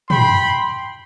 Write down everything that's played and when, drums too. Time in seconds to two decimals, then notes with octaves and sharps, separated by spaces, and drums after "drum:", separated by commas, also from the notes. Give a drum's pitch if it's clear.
0.10 G5 B5 C6, drum: tom